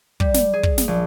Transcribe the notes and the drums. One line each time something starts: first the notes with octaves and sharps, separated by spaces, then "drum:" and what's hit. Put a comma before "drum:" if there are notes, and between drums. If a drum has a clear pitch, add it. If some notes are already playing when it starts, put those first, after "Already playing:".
G3, drum: kick
drum: snare
G#4
drum: kick
drum: snare
A#1